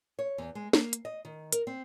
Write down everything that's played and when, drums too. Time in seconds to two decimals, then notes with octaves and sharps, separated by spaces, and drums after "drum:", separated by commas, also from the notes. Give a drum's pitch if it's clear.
0.19 C#5
0.38 E2
0.55 G#3
0.73 A#3, drum: snare
0.93 drum: hi-hat
1.05 D#5
1.25 D#3
1.52 A#4, drum: hi-hat
1.67 C4